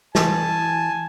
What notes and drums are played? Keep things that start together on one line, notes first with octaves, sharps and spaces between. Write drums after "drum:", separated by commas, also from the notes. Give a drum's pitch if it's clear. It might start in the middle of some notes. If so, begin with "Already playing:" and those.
E3 G#5 A5, drum: snare